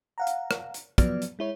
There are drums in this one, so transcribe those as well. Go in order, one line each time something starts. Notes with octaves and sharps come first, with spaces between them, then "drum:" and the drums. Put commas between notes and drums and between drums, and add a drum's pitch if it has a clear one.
F5 F#5 A#5
drum: hi-hat
drum: rim click
drum: hi-hat
F3 F#3 B3 D5 F6, drum: kick, hi-hat
drum: hi-hat
G#3 E4 C#5